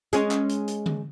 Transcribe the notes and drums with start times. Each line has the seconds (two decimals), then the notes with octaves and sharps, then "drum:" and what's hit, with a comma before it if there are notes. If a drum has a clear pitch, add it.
0.13 G#3 C#4, drum: hi-hat
0.31 drum: clap
0.49 drum: hi-hat
0.68 drum: hi-hat
0.86 drum: tom D3